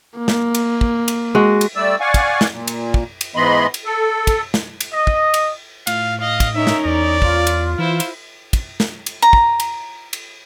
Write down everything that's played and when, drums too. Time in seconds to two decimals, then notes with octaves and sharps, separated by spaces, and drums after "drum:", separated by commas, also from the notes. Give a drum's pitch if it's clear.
0.18 A#3
0.28 drum: snare
0.55 drum: cymbal
0.81 drum: kick
1.08 drum: cymbal
1.35 G#3 F#4
1.61 drum: cymbal
1.76 G3 A3 D5 E6
2.00 D5 F5 F#5 G#5 C#6
2.14 drum: kick, cymbal
2.41 drum: snare
2.50 A#2
2.68 drum: cymbal
2.94 drum: kick
3.21 drum: cymbal
3.36 G#2 E3 B3 D#5 B5 C6
3.74 drum: cymbal
3.85 A4
4.27 drum: kick, cymbal
4.54 drum: snare
4.80 drum: cymbal
4.93 D#5
5.07 drum: kick
5.34 drum: cymbal
5.87 A2 F4 F5, drum: cymbal
6.20 D#5 F5 D#6
6.40 drum: kick, cymbal
6.54 C#4 D#4 A#4 E5
6.67 drum: snare
6.85 E2 D5
7.22 F4, drum: kick
7.47 drum: cymbal
7.79 E3 E4 C5
8.00 drum: cymbal
8.53 drum: kick, cymbal
8.80 drum: snare
9.06 drum: cymbal
9.22 A#5
9.33 drum: kick
9.60 drum: cymbal
10.13 drum: cymbal